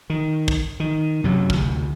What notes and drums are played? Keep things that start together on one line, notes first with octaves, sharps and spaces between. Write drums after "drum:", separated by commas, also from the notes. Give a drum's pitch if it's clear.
D#3
drum: kick
D#3
F#2 C3 F#3
D2 C3, drum: kick